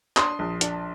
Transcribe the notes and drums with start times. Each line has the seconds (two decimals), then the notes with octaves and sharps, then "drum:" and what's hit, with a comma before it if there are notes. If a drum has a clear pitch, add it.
0.17 D4 C6 D#6, drum: clap
0.39 A#1
0.61 D4, drum: hi-hat